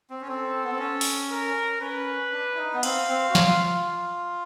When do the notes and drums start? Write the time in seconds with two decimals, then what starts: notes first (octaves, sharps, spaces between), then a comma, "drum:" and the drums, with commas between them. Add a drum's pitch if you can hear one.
0.10 C4
0.21 C#4
0.28 C4 A4
0.64 B3
0.71 C4
0.79 C#4
1.01 drum: open hi-hat
1.30 A#4
1.81 C#4 B4
2.33 D4
2.54 E4
2.58 D#4
2.74 B3
2.83 C4 F5, drum: cymbal
3.09 C4
3.30 F#4
3.35 F4, drum: snare